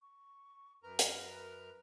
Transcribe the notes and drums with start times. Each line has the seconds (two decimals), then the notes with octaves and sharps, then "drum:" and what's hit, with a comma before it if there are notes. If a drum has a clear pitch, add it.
0.02 C#6
0.83 F#2 A#4 B4 A#5
0.99 drum: hi-hat